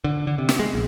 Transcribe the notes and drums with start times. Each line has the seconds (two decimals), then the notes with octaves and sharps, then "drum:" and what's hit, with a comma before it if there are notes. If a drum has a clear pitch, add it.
0.04 D3
0.27 D3
0.38 C3
0.49 drum: snare
0.59 G#3
0.74 A#1